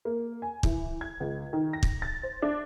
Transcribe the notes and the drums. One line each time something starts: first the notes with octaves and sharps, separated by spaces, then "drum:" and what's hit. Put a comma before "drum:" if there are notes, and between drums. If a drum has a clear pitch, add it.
A#3
G#5
E3, drum: kick
G#6
C#2
D#3
A#6
drum: kick
A6
C5
D4